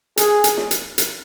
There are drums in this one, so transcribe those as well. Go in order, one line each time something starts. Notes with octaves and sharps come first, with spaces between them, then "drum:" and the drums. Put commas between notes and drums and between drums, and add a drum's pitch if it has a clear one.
G#4, drum: hi-hat
drum: hi-hat
drum: snare
drum: hi-hat
drum: hi-hat